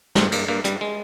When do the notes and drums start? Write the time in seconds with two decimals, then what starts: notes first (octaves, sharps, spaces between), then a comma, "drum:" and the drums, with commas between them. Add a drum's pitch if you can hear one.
0.15 G2 C4, drum: snare
0.32 G2 A#3, drum: cymbal
0.48 G2 A#3
0.64 G2 G3, drum: hi-hat
0.81 G#3